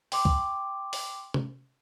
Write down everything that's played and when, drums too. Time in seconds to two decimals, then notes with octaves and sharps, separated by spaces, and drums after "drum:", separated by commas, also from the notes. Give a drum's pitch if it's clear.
0.12 G5 C6 D6, drum: open hi-hat
0.25 drum: kick
0.93 drum: open hi-hat
1.34 drum: tom C3